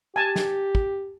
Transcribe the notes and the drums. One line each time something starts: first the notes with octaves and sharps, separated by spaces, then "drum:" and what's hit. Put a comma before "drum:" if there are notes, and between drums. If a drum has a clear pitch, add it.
G4 G#5 A5
drum: snare
drum: kick